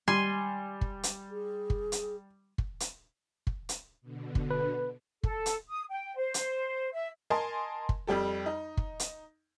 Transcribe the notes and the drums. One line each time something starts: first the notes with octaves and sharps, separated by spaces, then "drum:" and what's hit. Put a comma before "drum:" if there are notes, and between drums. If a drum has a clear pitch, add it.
G3 G#5 C6
drum: kick
drum: hi-hat
G#4
drum: kick
drum: hi-hat
drum: kick
drum: hi-hat
drum: kick
drum: hi-hat
B2 D3
drum: kick
B4
A4, drum: kick
drum: hi-hat
D#6
G5
C5
drum: hi-hat
E5
A#4 D#5 G#5 A5 C6
drum: kick
F2 G3 G4 A4
D#4
drum: kick
drum: hi-hat